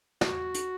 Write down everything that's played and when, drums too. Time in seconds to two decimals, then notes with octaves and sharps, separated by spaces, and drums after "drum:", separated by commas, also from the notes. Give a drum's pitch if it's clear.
0.21 G4, drum: snare
0.25 F#4
0.54 drum: hi-hat